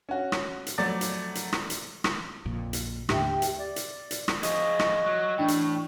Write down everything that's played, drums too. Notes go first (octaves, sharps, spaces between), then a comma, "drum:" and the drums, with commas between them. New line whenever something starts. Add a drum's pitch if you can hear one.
C#4 F#4
drum: rim click
drum: hi-hat
F2 F#3 A3 D5 D6 A6
drum: hi-hat
drum: hi-hat
drum: rim click
drum: hi-hat
drum: rim click
A#1 F2 A#2
drum: hi-hat
D#2 A2 D3 G4 E5 G5, drum: rim click
drum: hi-hat
D5
drum: hi-hat
drum: hi-hat
drum: rim click
F3 G#4 D#5 C#6, drum: hi-hat
drum: rim click
F#3
A2 E3 D4 G5
drum: hi-hat